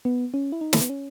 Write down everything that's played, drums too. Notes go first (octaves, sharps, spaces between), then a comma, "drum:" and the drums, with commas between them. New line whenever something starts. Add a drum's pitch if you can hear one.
B3
C#4
E4
D#4
A3, drum: snare
B3
C#4